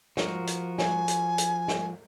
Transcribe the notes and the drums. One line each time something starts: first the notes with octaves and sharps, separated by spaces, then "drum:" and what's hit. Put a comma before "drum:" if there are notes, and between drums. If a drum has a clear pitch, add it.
F3 F#4 A#4, drum: snare
drum: hi-hat
G#5, drum: snare
drum: hi-hat
drum: hi-hat
drum: snare